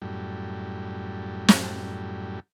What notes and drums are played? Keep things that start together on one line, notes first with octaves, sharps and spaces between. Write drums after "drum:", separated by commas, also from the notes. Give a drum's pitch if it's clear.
F#2 A2 G3
drum: snare